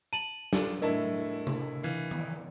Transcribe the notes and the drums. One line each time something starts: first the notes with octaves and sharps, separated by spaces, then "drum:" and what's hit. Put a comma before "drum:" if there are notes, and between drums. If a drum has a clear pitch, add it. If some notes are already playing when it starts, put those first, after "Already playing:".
A5 D#7 F#7
D4 F4 A4, drum: snare
A2 D4 E4 A#4 D#5 A5
drum: tom C3
E3 F5
drum: tom D#3